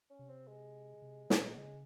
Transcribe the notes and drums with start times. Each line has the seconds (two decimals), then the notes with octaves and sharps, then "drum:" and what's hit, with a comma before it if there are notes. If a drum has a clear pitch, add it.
0.10 C#4
0.19 C3
0.29 C4
0.47 G#3
1.02 C3
1.30 A#2, drum: snare
1.57 C#3 G#3